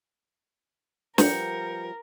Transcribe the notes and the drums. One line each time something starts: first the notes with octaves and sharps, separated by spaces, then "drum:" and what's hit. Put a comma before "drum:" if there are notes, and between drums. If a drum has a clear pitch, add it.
F3 G3 B3 A#4 G6 C#7, drum: snare